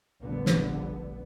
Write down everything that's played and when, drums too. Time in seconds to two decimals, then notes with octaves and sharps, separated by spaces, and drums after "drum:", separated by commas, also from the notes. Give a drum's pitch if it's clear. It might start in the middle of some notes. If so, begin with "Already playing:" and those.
0.22 F1 A#1 D3 G3 B3
0.46 drum: snare